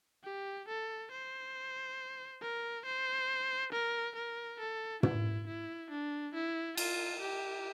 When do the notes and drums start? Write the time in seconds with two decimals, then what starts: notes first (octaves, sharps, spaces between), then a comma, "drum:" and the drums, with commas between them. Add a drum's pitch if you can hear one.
0.24 G4
0.68 A4
1.11 C5
2.41 A#4
2.85 C5
3.73 A#4
4.15 A#4
4.60 A4
5.03 E4, drum: tom
5.47 E4
5.91 D4
6.34 E4
6.77 F4, drum: cymbal
7.21 G4